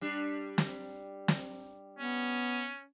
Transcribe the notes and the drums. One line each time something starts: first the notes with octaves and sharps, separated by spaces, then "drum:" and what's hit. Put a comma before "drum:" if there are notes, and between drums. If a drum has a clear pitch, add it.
G3 D4
drum: snare
drum: snare
B3 C#4